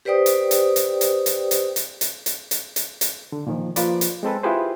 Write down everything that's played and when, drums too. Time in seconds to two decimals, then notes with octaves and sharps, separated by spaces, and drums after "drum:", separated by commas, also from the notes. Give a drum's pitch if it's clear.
0.05 G4 B4 C5 D5 G5 D#6
0.26 drum: hi-hat
0.51 drum: hi-hat
0.76 drum: hi-hat
1.01 drum: hi-hat
1.26 drum: hi-hat
1.51 drum: hi-hat
1.76 drum: hi-hat
2.01 drum: hi-hat
2.26 drum: hi-hat
2.51 drum: hi-hat
2.76 drum: hi-hat
3.01 drum: hi-hat
3.32 D3
3.47 A#2 D#3 F3
3.76 F3 A#3 F4 B4 D5, drum: hi-hat
4.01 drum: hi-hat
4.23 G#3 C4 A4 B4
4.43 E4 F4 G4 G#4 B4 C5